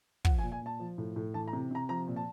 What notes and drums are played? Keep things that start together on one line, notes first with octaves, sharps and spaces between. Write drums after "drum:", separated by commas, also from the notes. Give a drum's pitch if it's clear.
F3 F#5, drum: kick
G#5
A#2
G#5
A#2 A5
F3
A2
A2
E3 A5
A#5
C3
C3 A#5
F3 A#5
A#2
A5